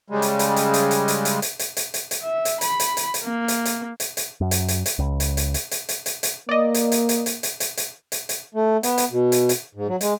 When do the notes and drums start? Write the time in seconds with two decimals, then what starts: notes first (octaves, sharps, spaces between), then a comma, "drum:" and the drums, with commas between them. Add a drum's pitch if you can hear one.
0.10 C#3 G3 G#3
0.22 drum: hi-hat
0.39 drum: hi-hat
0.56 drum: hi-hat
0.74 drum: hi-hat
0.91 drum: hi-hat
1.08 drum: hi-hat
1.25 drum: hi-hat
1.42 drum: hi-hat
1.59 drum: hi-hat
1.77 drum: hi-hat
1.94 drum: hi-hat
2.11 drum: hi-hat
2.22 E5
2.45 drum: hi-hat
2.61 B5, drum: hi-hat
2.80 drum: hi-hat
2.97 drum: hi-hat
3.14 drum: hi-hat
3.24 A#3
3.48 drum: hi-hat
3.65 drum: hi-hat
4.00 drum: hi-hat
4.17 drum: hi-hat
4.41 F#2
4.51 drum: hi-hat
4.68 drum: hi-hat
4.86 drum: hi-hat
4.99 C#2
5.20 drum: hi-hat
5.37 drum: hi-hat
5.54 drum: hi-hat
5.71 drum: hi-hat
5.89 drum: hi-hat
6.06 drum: hi-hat
6.23 drum: hi-hat
6.49 A#3 D5 D#5
6.74 drum: hi-hat
6.92 drum: hi-hat
7.09 drum: hi-hat
7.26 drum: hi-hat
7.43 drum: hi-hat
7.60 drum: hi-hat
7.77 drum: hi-hat
8.12 drum: hi-hat
8.29 drum: hi-hat
8.54 A3
8.83 B3, drum: hi-hat
8.98 drum: hi-hat
9.11 B2
9.32 drum: hi-hat
9.49 drum: hi-hat
9.75 G#2
9.88 F#3
10.01 G#3, drum: hi-hat